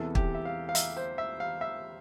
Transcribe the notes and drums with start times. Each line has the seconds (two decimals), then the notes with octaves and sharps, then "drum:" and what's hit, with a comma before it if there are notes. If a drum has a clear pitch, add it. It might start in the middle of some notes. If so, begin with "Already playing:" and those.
Already playing: E2 C3 E3 A4
0.15 G4, drum: kick
0.35 E5
0.45 F5
0.69 F5
0.75 E5, drum: hi-hat
0.97 C5
1.18 E5
1.40 F5
1.61 E5